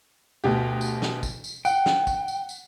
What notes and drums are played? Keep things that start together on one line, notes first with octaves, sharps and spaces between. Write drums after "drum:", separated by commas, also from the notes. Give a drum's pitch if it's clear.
D2 B2 G4
drum: tambourine
drum: snare
drum: kick, tambourine
drum: tambourine
F#5 G5, drum: tambourine
drum: snare
drum: kick, tambourine
drum: tambourine
drum: tambourine